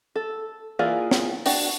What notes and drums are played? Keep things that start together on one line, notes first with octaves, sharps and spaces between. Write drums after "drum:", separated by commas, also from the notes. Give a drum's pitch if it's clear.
A4
E3 A#3 F4 G#4 D5
drum: snare
D4 F#4 G5, drum: open hi-hat